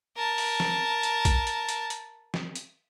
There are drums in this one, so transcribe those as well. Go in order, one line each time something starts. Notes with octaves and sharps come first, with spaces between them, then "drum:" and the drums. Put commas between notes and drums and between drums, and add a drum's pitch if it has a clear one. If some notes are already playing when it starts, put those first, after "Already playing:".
A#4 A5
drum: open hi-hat
drum: snare
drum: hi-hat
drum: kick, hi-hat
drum: hi-hat
drum: hi-hat
drum: hi-hat
drum: snare
drum: hi-hat